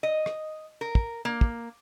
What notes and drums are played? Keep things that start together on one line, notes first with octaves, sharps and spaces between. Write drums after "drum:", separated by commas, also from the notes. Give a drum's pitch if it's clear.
D#5
drum: rim click
A#4
drum: kick
A#3
drum: kick